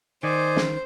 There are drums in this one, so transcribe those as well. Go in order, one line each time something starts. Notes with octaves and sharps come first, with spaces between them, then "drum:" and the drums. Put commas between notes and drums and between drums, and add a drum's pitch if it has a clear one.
D#3 C5 D5 D#5 G#5
drum: snare